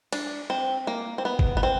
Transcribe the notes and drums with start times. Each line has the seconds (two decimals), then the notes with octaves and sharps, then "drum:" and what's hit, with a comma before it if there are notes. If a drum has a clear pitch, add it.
0.13 D4, drum: cymbal
0.50 C4
0.87 A#3
1.18 C4
1.25 B3
1.39 drum: kick
1.57 B3
1.63 C4